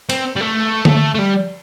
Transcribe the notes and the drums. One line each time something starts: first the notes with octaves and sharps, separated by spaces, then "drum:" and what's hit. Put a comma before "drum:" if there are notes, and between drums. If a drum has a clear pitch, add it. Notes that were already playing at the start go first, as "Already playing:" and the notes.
C4, drum: cymbal
G3
A3
drum: tom D3
A3
G3